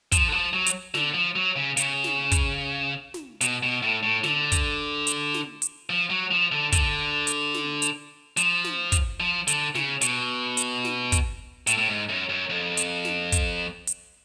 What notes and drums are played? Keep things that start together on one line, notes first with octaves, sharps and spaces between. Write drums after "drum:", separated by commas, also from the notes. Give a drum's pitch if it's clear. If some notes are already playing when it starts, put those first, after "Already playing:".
F3, drum: kick, hi-hat
D3
F3
F#3
drum: hi-hat
D3, drum: snare
F3
F#3
C#3
C#3, drum: hi-hat
drum: snare
drum: kick, hi-hat
drum: snare
B2, drum: hi-hat
B2
A2
A2
D3, drum: snare
drum: kick, hi-hat
drum: hi-hat
drum: snare
drum: hi-hat
F3
F#3
F3
D3
D3, drum: kick, hi-hat
drum: hi-hat
drum: snare
drum: hi-hat
F3, drum: hi-hat
drum: snare
drum: kick, hi-hat
F3
D3, drum: hi-hat
C#3, drum: snare
B2, drum: hi-hat
drum: hi-hat
drum: snare
drum: kick, hi-hat
A2, drum: hi-hat
A2
G#2
F#2
F#2
F2
drum: hi-hat
drum: snare
drum: kick, hi-hat
drum: hi-hat